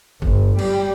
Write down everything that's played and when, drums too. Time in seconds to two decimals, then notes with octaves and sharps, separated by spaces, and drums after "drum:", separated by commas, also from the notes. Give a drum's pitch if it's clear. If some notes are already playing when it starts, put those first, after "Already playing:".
0.22 G1, drum: kick
0.59 G3, drum: cymbal